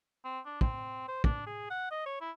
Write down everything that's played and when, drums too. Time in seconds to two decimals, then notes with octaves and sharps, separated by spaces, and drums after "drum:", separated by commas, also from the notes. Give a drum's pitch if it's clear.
0.24 C4
0.45 D4
0.61 C4, drum: kick
1.08 C5
1.24 D4, drum: kick
1.46 G#4
1.70 F#5
1.91 D#5
2.06 C#5
2.20 E4